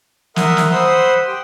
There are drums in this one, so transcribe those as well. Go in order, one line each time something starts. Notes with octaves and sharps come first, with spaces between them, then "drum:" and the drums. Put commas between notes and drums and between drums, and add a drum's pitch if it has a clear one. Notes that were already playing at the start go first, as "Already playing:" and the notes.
A#4 E5 F#5 C6 D#6, drum: snare
drum: snare
C5 F#5 B5 C6 D#6 E6
G4 G5